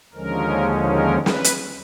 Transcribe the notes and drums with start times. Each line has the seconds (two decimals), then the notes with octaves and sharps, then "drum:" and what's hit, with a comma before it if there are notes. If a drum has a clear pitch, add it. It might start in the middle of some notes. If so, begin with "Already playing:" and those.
0.13 D#2 D3 F3 G#3 C#4 A#4
0.88 A#4
1.26 B4, drum: snare
1.44 drum: hi-hat